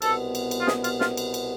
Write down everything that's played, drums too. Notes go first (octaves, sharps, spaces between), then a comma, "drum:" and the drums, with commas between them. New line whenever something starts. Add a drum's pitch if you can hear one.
C2 B2 B3 A4, drum: cymbal
drum: cymbal
drum: cymbal
F4
G#4, drum: snare
F4, drum: cymbal
F4, drum: snare
drum: cymbal
drum: cymbal